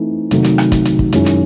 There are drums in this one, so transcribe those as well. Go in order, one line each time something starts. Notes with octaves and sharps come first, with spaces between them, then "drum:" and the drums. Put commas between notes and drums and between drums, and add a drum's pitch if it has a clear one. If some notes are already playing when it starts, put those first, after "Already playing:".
Already playing: E3 A3 C4 D#4
C3 D#3 F#3 A3, drum: hi-hat
drum: hi-hat
drum: rim click
drum: kick, hi-hat
drum: hi-hat
drum: kick
F#2 D#3 G#3 C#4 E4, drum: hi-hat
drum: hi-hat